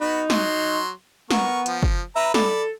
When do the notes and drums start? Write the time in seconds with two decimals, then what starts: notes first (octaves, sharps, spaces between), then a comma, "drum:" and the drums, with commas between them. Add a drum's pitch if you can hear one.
0.01 B3 D#4 F#4 B5
0.30 F#3 C6, drum: snare
1.31 B3 A#4 C#6, drum: snare
1.66 F3, drum: hi-hat
1.83 drum: kick
2.16 B4 E5 A#5
2.34 A4 D5 B5, drum: snare